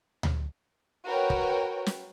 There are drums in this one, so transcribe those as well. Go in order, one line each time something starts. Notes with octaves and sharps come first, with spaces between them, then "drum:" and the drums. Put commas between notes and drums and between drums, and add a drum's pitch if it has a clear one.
drum: tom D2
F#4 A#4 B4 C#5 G5
drum: kick
drum: snare